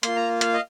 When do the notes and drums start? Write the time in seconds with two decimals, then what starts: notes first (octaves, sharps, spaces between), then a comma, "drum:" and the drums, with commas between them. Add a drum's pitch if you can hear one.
0.03 A#3 F4 C6, drum: hi-hat
0.16 A#5
0.41 F5, drum: hi-hat
0.54 D#5